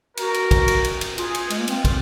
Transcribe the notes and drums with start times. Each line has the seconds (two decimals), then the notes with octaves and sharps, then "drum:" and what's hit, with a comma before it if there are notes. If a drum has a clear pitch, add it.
0.17 F#4 A#4, drum: cymbal
0.34 drum: cymbal
0.51 drum: kick, cymbal
0.68 drum: cymbal
0.84 drum: cymbal
1.01 drum: cymbal
1.18 F4 G#4, drum: cymbal
1.34 drum: cymbal
1.50 G#3, drum: cymbal
1.59 A#3
1.68 C4 F4, drum: cymbal
1.85 drum: kick, cymbal